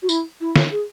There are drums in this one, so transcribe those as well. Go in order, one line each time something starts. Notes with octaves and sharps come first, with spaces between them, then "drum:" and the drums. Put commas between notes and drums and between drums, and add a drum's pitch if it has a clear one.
F#4
E4, drum: tambourine
E4
drum: snare
G#4